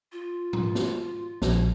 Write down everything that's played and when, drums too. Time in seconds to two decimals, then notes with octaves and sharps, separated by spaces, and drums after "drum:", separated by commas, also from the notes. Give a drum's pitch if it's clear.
0.12 F4
0.53 drum: tom G#2
0.75 drum: snare
1.42 A#1, drum: snare